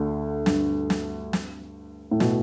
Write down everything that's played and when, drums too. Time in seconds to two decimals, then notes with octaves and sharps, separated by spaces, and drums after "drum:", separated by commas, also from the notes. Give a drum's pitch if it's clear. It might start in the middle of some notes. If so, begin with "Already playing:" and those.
Already playing: D2 D3
0.46 G2, drum: snare
0.90 drum: snare
1.33 drum: snare
2.11 A2
2.20 B2, drum: snare